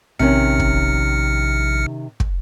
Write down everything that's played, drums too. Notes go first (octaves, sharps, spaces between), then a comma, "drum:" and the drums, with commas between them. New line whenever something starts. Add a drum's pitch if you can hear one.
A#1 C3 D#3 C#4 F6 C#7
drum: kick
drum: kick